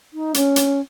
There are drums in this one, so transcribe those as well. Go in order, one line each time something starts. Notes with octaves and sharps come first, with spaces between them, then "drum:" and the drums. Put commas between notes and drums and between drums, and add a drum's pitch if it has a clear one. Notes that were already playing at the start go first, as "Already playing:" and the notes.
D#4
C#4, drum: hi-hat
drum: hi-hat